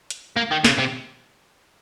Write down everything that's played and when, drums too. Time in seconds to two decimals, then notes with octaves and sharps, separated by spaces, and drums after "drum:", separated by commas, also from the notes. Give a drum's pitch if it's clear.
0.10 drum: hi-hat
0.36 A#3
0.51 D#3
0.64 C#3, drum: snare
0.79 C3